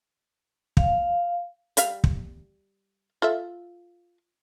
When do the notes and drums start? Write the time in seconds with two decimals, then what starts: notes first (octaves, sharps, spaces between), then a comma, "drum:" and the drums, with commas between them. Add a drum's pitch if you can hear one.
0.77 F5, drum: kick
1.77 G3 E5 F5, drum: hi-hat
2.04 drum: kick
3.22 F4 A4 E5